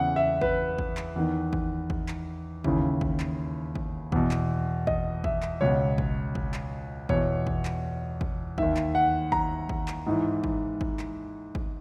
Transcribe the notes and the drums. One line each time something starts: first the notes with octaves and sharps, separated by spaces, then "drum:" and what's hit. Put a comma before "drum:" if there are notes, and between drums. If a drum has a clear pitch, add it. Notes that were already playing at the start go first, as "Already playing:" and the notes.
Already playing: E2 C#3 E3 F#5
E5
B4, drum: kick
drum: kick
drum: clap
E2 D#3
drum: kick
drum: kick
drum: clap
D#2 C#3 E3, drum: kick
drum: kick
drum: clap
drum: kick
E2 B2, drum: kick
drum: clap
D#5, drum: kick
E5, drum: kick
drum: clap
C#2 B2 C#5
drum: kick
drum: kick
drum: clap
E2 B2 C#5, drum: kick
drum: kick
drum: clap
drum: kick
D#2 D#3 E5, drum: kick
drum: clap
F#5
A#5, drum: kick
drum: kick
drum: clap
G#2 E3
drum: kick
drum: kick
drum: clap
drum: kick